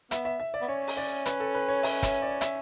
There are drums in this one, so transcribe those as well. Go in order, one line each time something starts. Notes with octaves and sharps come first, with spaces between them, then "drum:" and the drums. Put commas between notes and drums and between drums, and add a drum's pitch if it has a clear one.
B3 E5, drum: hi-hat
E5
E5
D5
B3
C#4 C#5
drum: open hi-hat
D5
B4, drum: hi-hat
A4
B4
C#5
E5, drum: open hi-hat
E5, drum: kick, hi-hat
D5
E5, drum: hi-hat